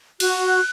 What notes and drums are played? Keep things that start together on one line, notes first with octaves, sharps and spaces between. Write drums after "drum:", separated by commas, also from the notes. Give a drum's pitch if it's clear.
F#4 F#6, drum: cymbal